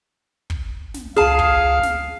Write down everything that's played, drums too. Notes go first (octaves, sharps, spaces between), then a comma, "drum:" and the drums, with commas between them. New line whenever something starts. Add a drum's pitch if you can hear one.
drum: kick
drum: snare
C#2 G#4 F5 A5 F6
drum: kick
drum: snare